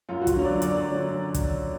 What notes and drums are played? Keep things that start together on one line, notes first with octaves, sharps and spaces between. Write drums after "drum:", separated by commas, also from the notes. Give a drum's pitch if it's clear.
F#2 F4
F#4
F4, drum: kick, hi-hat
D3 F#3
D5
F#2 D5, drum: hi-hat
D3 F#3
drum: kick, hi-hat